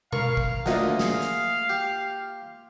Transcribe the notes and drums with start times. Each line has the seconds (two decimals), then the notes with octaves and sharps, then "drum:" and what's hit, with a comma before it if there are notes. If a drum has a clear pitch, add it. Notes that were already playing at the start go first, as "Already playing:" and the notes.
0.13 A#4 F5 C#6, drum: tom B2
0.37 drum: kick
0.66 D2 A#3 F4 D#5 E5, drum: snare
0.99 G#4 F5, drum: snare
1.22 drum: hi-hat
1.70 G4